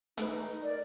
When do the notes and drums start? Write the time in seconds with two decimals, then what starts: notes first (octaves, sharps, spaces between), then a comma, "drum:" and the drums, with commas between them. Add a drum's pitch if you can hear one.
0.18 A3 D#4 G#4 B4, drum: hi-hat
0.61 A#4 D5